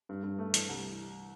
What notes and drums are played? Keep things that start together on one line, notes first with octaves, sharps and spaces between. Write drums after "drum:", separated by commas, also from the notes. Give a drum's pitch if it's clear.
G2
G2
A3
E3, drum: hi-hat
C2